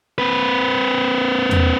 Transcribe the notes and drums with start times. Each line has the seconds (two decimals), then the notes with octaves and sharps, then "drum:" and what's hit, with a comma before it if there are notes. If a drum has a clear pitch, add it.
0.18 C4 B4
1.51 drum: tom E2